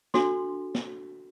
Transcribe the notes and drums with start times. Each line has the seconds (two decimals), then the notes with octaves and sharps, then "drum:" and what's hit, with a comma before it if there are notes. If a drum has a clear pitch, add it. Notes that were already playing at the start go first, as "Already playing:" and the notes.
0.14 D4 F#4 A4 C6, drum: snare
0.75 drum: snare